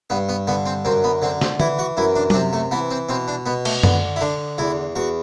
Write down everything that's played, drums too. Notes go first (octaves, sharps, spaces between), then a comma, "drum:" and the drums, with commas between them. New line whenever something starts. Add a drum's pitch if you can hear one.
G2 B3
B3
D3 B3
C4
F#2 C4
B3
D3 C4
C4, drum: snare
E3 E4, drum: tom D3
F#4
F#2 E4
D4
D4, drum: tom F#3
C3 C4
A3
E3 B3
C4
B2 C4
D4
B2 B3
A3, drum: cymbal
D3 B3, drum: tom F#2
E4
D3 D4
E2 E4
E2 F#4